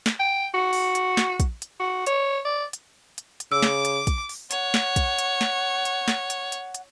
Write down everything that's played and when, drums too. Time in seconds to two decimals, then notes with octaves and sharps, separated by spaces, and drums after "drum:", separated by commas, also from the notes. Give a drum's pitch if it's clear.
0.06 drum: snare
0.19 G5
0.54 F#4
0.73 drum: open hi-hat
0.95 drum: hi-hat
1.17 drum: snare
1.40 drum: kick, hi-hat
1.62 drum: hi-hat
1.80 F#4
2.06 C#5, drum: hi-hat
2.45 D5
2.73 drum: hi-hat
3.18 drum: hi-hat
3.40 drum: hi-hat
3.52 C#3 D6 E6
3.62 drum: snare
3.85 drum: hi-hat
4.07 drum: kick, hi-hat
4.29 drum: open hi-hat
4.51 C#5 F#5, drum: hi-hat
4.74 drum: snare
4.96 drum: kick, hi-hat
5.18 drum: hi-hat
5.41 drum: snare
5.85 drum: hi-hat
6.08 drum: snare
6.30 drum: hi-hat
6.52 drum: hi-hat
6.75 drum: hi-hat